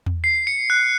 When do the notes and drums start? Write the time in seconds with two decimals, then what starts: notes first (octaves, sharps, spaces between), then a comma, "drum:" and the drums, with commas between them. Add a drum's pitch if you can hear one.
0.06 drum: tom E2
0.24 C7
0.47 C#7
0.70 F#6